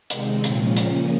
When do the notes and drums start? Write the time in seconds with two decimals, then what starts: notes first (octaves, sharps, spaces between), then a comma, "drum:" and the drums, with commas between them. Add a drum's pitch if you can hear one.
0.10 C3 D#3 G#3 C4, drum: hi-hat
0.44 A#2 F3 G#3 C#4, drum: hi-hat
0.77 C#3 F3 A#3 C#4, drum: hi-hat